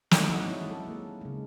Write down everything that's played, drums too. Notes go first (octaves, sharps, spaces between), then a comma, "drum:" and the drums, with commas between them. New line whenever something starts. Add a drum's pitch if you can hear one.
D#3 E3 C4 D#4 A4 C#5, drum: snare
E4 F#4 D5 D#5 F#5
F#3 G#3 C#4 E4
G#3 A4
A#3 A#4
C#3 G#3